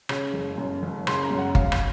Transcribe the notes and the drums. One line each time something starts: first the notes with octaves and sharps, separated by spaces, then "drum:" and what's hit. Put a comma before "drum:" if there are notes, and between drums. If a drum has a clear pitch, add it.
C#3, drum: rim click
F#1
F#2
F#1
C#3 C6, drum: rim click
A#5
F#2
F#5
F#2 F5, drum: kick G1
drum: rim click